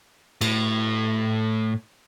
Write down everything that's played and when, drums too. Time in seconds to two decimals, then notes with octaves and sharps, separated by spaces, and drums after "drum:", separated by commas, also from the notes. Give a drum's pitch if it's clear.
0.41 A2, drum: cymbal